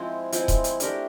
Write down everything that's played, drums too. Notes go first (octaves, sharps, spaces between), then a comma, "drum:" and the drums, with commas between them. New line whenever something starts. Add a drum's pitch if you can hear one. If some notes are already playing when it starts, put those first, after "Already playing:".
Already playing: F3 G#3 C4 E4
F3 G#3 C4 E4, drum: hi-hat
drum: kick D#1, hi-hat
drum: hi-hat
A3 D4 G4 A#4, drum: hi-hat